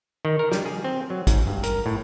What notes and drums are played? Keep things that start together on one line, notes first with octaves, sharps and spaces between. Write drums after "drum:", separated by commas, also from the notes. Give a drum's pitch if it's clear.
D#3
A#4
G3, drum: snare
G#4
C4
F#3
G#2, drum: kick, hi-hat
G2
A#4, drum: hi-hat
A2